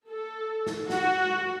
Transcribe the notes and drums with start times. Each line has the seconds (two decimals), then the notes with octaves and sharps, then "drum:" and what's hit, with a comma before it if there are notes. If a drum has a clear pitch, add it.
0.10 A4
0.67 drum: snare
0.90 F#4, drum: snare